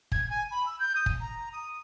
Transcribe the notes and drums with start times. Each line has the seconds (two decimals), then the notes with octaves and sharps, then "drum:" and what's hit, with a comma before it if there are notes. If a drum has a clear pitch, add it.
0.12 G#6, drum: kick
0.30 G#5
0.50 B5
0.66 E6
0.79 G6
0.95 D#6
1.06 drum: kick
1.19 A#5
1.52 D#6